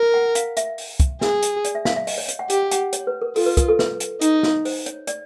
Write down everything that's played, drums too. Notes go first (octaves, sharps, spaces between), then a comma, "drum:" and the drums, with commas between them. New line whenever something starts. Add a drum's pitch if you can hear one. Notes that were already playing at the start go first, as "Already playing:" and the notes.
Already playing: A#4
F#5
F5, drum: hi-hat
E5, drum: hi-hat
drum: open hi-hat
drum: kick, hi-hat
G#4, drum: snare
drum: hi-hat
D5, drum: hi-hat
E5
F5, drum: snare
E5
D#5, drum: open hi-hat
C#5
drum: hi-hat
F#5
G4, drum: hi-hat
F#5, drum: hi-hat
C#5, drum: hi-hat
B4
A#4
F4 A4, drum: open hi-hat
B4
A#4, drum: kick, hi-hat
A4
B4, drum: snare
drum: hi-hat
D#4, drum: hi-hat
drum: snare
C5, drum: open hi-hat
C#5, drum: hi-hat
D5, drum: hi-hat